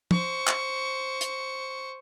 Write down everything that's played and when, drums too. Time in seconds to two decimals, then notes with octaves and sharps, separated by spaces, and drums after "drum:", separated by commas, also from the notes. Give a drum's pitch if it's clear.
0.11 C5 C#6, drum: tom
0.47 drum: clap
1.21 drum: hi-hat